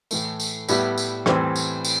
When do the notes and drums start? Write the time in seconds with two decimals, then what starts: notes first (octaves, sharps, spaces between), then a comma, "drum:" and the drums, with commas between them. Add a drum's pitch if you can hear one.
0.11 A2 E3 A3, drum: tambourine
0.40 drum: tambourine
0.69 A2 G3 B3 E4 G4, drum: tambourine
0.98 drum: tambourine
1.26 A2 E3 G3 C4, drum: rim click
1.56 drum: tambourine
1.84 drum: tambourine